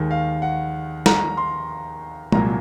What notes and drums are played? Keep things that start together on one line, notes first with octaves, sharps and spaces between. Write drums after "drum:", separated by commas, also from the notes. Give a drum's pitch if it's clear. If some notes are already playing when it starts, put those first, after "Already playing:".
Already playing: D#2 D#3 G#3
F5
F#5
A#5, drum: snare
C6
C2 A#2 F#3 A#3 A#5, drum: tom G#3